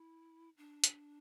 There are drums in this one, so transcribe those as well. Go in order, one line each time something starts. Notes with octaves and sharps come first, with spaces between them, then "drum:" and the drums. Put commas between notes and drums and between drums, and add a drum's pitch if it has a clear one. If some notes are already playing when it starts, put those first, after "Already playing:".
Already playing: E4
D4
drum: hi-hat